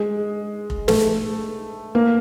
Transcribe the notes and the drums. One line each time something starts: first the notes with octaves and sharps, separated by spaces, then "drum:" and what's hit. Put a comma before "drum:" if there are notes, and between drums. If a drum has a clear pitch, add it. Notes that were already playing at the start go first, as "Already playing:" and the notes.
Already playing: G#3
drum: kick F1
A3, drum: snare
A#3